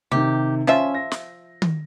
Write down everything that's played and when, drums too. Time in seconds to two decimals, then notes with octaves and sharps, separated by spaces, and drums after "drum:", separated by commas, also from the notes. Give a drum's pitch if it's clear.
0.12 C3 D#3 G4
0.67 F3 C#4 F4 E5
0.95 A#6
1.11 drum: snare
1.62 drum: tom D#3